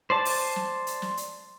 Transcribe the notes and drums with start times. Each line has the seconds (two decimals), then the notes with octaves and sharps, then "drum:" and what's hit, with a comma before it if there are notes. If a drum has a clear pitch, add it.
0.10 C5 D5 A5
0.25 drum: open hi-hat
0.56 drum: snare
0.87 drum: hi-hat
1.02 drum: snare
1.17 drum: hi-hat